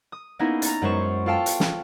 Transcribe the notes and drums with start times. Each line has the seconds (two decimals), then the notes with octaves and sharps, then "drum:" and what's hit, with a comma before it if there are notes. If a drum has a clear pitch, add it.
0.12 D#6
0.39 A#3 B3 C#4 D#4 E4 G#4
0.62 A#5 A6, drum: hi-hat
0.82 F#2 G#3 B3 C5 C#6 E7
1.26 F4 A4 F5 G5 A5
1.46 drum: hi-hat
1.60 drum: snare